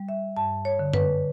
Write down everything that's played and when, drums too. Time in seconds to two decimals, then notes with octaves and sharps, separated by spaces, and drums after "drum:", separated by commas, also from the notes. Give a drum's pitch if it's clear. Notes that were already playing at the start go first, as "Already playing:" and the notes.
Already playing: G3
0.09 E5
0.37 G2 A5
0.65 C#5
0.79 D3
0.94 B4, drum: tom F#2